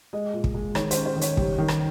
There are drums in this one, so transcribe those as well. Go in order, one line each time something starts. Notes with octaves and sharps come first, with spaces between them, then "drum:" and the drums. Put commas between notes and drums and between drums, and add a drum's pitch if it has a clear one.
G#3 D#5
A#2
drum: kick
G#3
D#3 C#5, drum: rim click
C5, drum: hi-hat
C#4
C5
D#3
C#5, drum: hi-hat
G3, drum: kick
D#3
drum: rim click